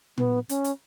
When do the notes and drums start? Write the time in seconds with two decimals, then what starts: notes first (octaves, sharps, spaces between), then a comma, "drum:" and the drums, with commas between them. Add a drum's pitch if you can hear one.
0.18 B3, drum: tom A#2
0.49 C#4, drum: hi-hat
0.64 drum: hi-hat